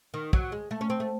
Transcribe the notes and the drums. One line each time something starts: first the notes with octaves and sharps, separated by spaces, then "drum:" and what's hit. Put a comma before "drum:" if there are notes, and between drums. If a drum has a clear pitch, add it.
D#3
F#3, drum: kick
G#3
A3
C#4
C4
A3